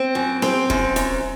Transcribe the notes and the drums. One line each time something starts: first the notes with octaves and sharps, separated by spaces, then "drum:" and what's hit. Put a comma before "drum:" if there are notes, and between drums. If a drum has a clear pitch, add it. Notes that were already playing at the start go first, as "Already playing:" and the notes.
Already playing: C4
F#2
C4, drum: snare C4
F#2, drum: kick
F#2, drum: hi-hat